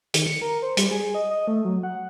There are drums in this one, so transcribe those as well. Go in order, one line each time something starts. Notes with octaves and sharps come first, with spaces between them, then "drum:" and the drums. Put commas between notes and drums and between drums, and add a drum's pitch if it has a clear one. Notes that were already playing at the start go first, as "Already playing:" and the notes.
D#3, drum: hi-hat
C#7
A#4
C5
G3, drum: hi-hat
G#4
D#5
D#5
A3
F#3
F#5